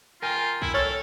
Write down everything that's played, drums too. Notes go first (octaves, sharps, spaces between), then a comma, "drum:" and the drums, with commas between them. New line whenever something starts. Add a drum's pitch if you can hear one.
F4 A#4 G5 G#5
E4, drum: kick
A4 C#5 F6 A6